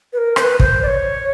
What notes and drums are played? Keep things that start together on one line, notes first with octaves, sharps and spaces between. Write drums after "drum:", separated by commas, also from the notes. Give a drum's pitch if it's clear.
B4
A#4
C5, drum: rim click
B4
C5, drum: kick
D5
C#5